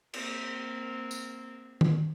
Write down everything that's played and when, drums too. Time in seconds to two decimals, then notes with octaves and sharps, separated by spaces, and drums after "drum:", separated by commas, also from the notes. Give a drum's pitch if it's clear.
0.13 A#3 C4, drum: cymbal
1.11 drum: tambourine
1.81 drum: tom D#3